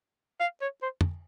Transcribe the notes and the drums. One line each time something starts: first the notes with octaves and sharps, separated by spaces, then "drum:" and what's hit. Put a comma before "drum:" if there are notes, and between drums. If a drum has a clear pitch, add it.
F5
C#5
C5
drum: tom